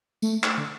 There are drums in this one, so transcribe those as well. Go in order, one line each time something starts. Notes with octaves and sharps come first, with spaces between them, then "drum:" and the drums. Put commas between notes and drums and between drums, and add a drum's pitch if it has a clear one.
A3, drum: tambourine
drum: clap
D3